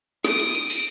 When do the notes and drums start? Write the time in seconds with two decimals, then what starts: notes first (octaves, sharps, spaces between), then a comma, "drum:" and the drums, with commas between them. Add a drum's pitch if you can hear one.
0.25 D#6 D7, drum: snare
0.40 drum: hi-hat
0.55 drum: hi-hat
0.70 drum: open hi-hat